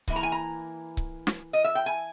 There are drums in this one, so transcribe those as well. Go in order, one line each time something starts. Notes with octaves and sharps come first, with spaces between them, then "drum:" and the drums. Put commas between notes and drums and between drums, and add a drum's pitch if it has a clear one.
E3 A#3 E4, drum: kick C#1
A#5
G#5
A#5
drum: kick C#1
drum: snare
D#5
E5
G5
G#5